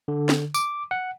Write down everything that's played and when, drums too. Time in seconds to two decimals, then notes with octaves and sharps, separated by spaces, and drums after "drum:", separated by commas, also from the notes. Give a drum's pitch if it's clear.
0.08 D3
0.29 drum: snare
0.54 D6, drum: tambourine
0.91 F#5